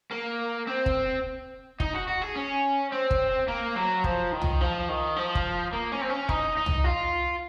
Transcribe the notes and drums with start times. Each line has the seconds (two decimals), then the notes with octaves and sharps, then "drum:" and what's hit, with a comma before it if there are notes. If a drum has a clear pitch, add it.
0.11 A#3
0.67 C4
0.86 drum: kick
1.80 D#4, drum: kick
1.93 F#4
2.08 F#4
2.22 G#4
2.36 C#4
2.92 C4
3.11 drum: kick
3.48 A#3
3.76 F#3
4.04 F3, drum: kick
4.33 D#3
4.42 drum: tom C2
4.61 F3
4.89 D#3
5.16 F3
5.35 drum: kick
5.73 A#3
5.92 C#4
6.01 C4
6.10 C#4
6.29 D#4, drum: kick
6.57 D#4
6.66 drum: tom C2
6.85 F4